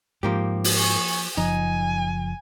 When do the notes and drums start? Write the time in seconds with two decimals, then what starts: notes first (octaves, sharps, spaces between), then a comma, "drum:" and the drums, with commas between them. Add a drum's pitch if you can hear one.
0.23 G#2 F3 A#3 G4
0.64 drum: open hi-hat
0.76 G#5 C#6
1.37 F#1 F3 D#4 G#5